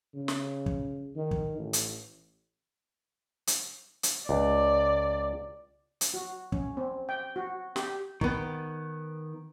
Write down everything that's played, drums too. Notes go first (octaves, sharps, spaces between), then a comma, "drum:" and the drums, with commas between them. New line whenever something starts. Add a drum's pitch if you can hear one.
C#3
drum: snare
drum: kick
D#3
drum: kick
A1
drum: hi-hat
drum: hi-hat
drum: hi-hat
C#2 D5
drum: hi-hat
F#4
C#4, drum: kick
C4
G5
F#4
G4, drum: snare
D#3 B3, drum: kick